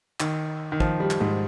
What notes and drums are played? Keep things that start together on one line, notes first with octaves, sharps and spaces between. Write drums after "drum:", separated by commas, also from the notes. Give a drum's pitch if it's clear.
D#3, drum: clap
D#3
F3, drum: kick
G3
drum: clap
G#2